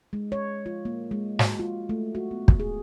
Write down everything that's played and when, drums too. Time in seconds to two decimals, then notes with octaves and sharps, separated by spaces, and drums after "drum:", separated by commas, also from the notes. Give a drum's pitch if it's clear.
0.13 G#3
0.32 C#5
0.66 F4
0.85 A#3
1.11 G#3
1.39 F#4, drum: snare
1.59 F4
1.89 A3
2.15 F#4
2.31 B3
2.48 drum: kick
2.60 G#4